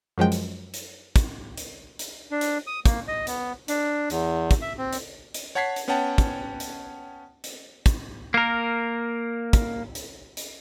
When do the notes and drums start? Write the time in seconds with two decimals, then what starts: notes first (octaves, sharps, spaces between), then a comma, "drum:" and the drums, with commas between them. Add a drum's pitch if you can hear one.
0.18 F#2 F3 G#3 G5
0.32 drum: hi-hat
0.74 drum: hi-hat
1.16 drum: kick, hi-hat
1.57 drum: hi-hat
1.99 drum: hi-hat
2.31 D4
2.41 drum: hi-hat
2.67 D#6
2.85 A#3, drum: kick, hi-hat
3.08 D#5
3.27 B3, drum: hi-hat
3.68 D4, drum: hi-hat
4.10 E2, drum: hi-hat
4.51 drum: kick, hi-hat
4.62 E5
4.78 C4
4.93 drum: hi-hat
5.34 drum: hi-hat
5.55 C#5 F#5 A5 G#6 B6 C7
5.76 drum: hi-hat
5.88 B3 C#4 C#5 F#5 G5 A5
6.18 drum: kick, hi-hat
6.60 drum: hi-hat
7.44 drum: hi-hat
7.86 drum: kick, hi-hat
8.34 A#3 A#4
9.53 drum: kick, hi-hat
9.95 drum: hi-hat
10.37 drum: hi-hat